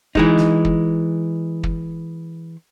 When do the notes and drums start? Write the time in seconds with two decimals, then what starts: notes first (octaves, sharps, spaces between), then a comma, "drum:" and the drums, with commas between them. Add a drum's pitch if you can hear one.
0.15 E3 G#3 D#4, drum: kick
0.37 drum: snare
0.65 drum: kick
1.63 drum: kick